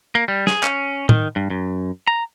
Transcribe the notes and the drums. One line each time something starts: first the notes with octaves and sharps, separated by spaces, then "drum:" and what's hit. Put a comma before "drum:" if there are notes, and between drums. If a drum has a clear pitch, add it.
A#3
G3
G#4, drum: snare
C#4, drum: clap
D#3, drum: tom A2
G2
F#2
A#5